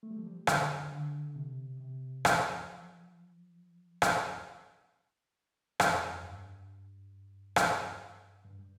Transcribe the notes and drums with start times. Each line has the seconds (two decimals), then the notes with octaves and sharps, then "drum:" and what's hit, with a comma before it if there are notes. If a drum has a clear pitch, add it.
0.03 A3
0.11 G3
0.18 F3
0.26 G3
0.47 D3, drum: rim click
0.92 D3
1.36 C3
1.80 C3
2.25 F3, drum: rim click
4.02 drum: rim click
5.80 F2, drum: rim click
6.23 G2
7.56 drum: rim click
8.45 G2